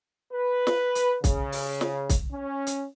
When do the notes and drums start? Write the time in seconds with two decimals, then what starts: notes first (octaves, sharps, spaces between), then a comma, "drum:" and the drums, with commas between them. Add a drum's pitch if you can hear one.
0.33 B4
0.67 drum: snare
0.95 drum: hi-hat
1.24 C#3, drum: kick, hi-hat
1.52 drum: open hi-hat
1.81 drum: snare
2.09 drum: kick, hi-hat
2.33 C#4
2.67 drum: hi-hat